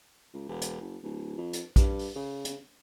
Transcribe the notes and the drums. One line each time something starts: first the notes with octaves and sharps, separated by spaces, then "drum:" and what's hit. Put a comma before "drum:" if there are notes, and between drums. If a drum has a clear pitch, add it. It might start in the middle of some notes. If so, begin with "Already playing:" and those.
C#2
E1
drum: hi-hat
F#1
D1
F2
drum: hi-hat
G2, drum: kick A#1, hi-hat
drum: open hi-hat
C#3
drum: hi-hat